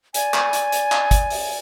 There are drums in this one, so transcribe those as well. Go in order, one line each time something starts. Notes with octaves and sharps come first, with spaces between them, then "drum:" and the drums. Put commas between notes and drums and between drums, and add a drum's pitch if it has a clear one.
D5 G#5, drum: hi-hat
drum: clap
drum: hi-hat
drum: hi-hat
drum: clap
drum: kick, hi-hat
drum: open hi-hat